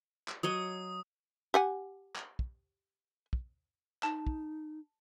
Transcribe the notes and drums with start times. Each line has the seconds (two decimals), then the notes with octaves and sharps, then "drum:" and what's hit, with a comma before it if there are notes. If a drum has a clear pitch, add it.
0.28 drum: clap
0.43 F#3 C#5 D#5 D#6
1.54 G4 F#5 G#5
2.16 drum: clap
2.39 drum: kick
3.33 drum: kick
4.03 D#4 A5, drum: clap
4.27 drum: kick